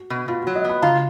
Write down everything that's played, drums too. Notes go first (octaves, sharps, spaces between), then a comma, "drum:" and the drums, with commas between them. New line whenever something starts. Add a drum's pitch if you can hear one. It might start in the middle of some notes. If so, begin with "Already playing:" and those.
Already playing: F#4
B2
B2 F4
F#4
F#3
D#5
B3 B5
F4 A#5, drum: tom C#3